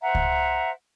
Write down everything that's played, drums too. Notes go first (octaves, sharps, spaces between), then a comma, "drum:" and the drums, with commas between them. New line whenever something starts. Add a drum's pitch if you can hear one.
C5 E5 F#5 A#5
drum: kick C#2